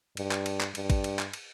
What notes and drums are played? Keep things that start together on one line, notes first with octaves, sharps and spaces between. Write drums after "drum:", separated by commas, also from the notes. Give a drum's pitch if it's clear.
G2, drum: cymbal
drum: clap
drum: cymbal
drum: clap
G2, drum: cymbal
drum: kick A1, cymbal
drum: cymbal
drum: clap
drum: cymbal